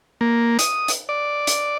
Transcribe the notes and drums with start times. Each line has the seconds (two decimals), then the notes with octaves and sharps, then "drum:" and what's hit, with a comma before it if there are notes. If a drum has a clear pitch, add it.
0.21 A#3
0.59 D#6, drum: hi-hat
0.88 drum: hi-hat
1.09 D5
1.47 drum: hi-hat